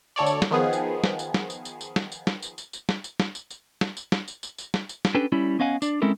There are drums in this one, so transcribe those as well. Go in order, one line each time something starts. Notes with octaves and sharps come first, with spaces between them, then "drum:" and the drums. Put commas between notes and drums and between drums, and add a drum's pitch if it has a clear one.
D2 A4 C#5 D5
drum: tambourine
drum: snare
D#3 F3 B3 G#4
drum: tambourine
drum: snare
drum: tambourine
drum: snare
drum: tambourine
drum: tambourine
drum: tambourine
drum: snare
drum: tambourine
drum: snare
drum: tambourine
drum: tambourine
drum: tambourine
drum: snare
drum: tambourine
drum: snare
drum: tambourine
drum: tambourine
drum: snare
drum: tambourine
drum: snare
drum: tambourine
drum: tambourine
drum: tambourine
drum: snare
drum: tambourine
drum: snare
C#4 D4 G4 A4 B4
G3 C#4 E4
B3 C#4 D#5 F5 F#5 G#5
D4 D5, drum: tambourine
G#3 C4 C#4 E4 A4 A#4